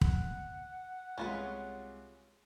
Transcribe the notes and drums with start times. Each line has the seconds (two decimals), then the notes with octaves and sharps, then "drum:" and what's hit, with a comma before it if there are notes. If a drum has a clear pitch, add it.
0.01 F#5, drum: kick
1.18 C2 G#3 C#4 F4 B4